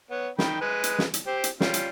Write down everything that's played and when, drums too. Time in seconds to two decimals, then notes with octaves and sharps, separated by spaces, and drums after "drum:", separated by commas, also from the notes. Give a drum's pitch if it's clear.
0.11 B3 C#5
0.39 D#3 G5 B5, drum: snare
0.61 G#3 B4 G#5
0.84 drum: hi-hat
0.99 drum: snare
1.14 drum: hi-hat
1.27 G4 C5
1.44 drum: hi-hat
1.60 G3 C#4 F4, drum: snare
1.74 drum: hi-hat